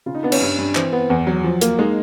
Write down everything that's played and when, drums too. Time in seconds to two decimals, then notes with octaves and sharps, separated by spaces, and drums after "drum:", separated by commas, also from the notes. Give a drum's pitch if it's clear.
0.06 C#3 F4
0.15 D#4
0.23 B3 D4
0.32 C#4, drum: cymbal
0.41 G2
0.58 G2
0.75 E3 C4, drum: clap
0.92 B3
1.10 E2
1.27 F#3
1.44 F3
1.61 A#3, drum: hi-hat
1.79 G#3 D#4